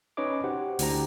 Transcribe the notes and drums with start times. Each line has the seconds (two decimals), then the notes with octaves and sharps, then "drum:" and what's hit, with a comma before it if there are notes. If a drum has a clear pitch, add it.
0.17 C#4 D#4 B4 C#5 D#5 D6
0.44 F#4 G4 C5 F#5
0.79 D2 D4 E4 G4 A#5, drum: open hi-hat